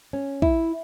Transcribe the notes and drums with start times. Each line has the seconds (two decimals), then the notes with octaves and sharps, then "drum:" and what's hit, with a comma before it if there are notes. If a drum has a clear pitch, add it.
0.13 C#4
0.42 E4, drum: kick